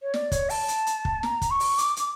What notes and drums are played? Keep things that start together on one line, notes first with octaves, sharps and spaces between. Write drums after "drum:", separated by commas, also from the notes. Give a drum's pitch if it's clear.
C#5
D5, drum: snare
C#5, drum: kick, hi-hat
A5, drum: open hi-hat
drum: hi-hat
drum: hi-hat
drum: kick
A#5, drum: snare
drum: kick, hi-hat
C#6
drum: open hi-hat
D6, drum: hi-hat
drum: hi-hat